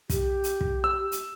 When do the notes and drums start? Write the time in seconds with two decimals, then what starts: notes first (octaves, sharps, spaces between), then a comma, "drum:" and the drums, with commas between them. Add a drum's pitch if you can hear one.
0.10 G4, drum: kick, hi-hat
0.44 drum: hi-hat
0.61 drum: kick
0.84 E6
1.12 drum: hi-hat